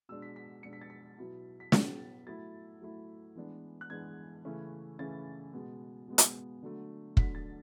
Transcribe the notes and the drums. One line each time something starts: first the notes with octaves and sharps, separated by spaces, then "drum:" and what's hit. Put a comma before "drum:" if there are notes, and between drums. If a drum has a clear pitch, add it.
B2 G#3 D4 E6
B6
B6
B2 G#3 D4 C#7
B6
A6
B6
B2 F#3 B3 E4
B6
B2 F#3 B3 E4 A6, drum: snare
F#3 A3 E4 A6
F#3 A3 E4
E3 G#3 B3 D4
F#6
E3 G#3 B3 D4 G#6
C#3 E3 A3 C#4 E4
C#3 E3 A3 C#4 E4 A6
B2 G#3 B3
B2 G#3 B3
drum: hi-hat
D3 F#3 A3
D3 F#3 A3 B6, drum: kick
A6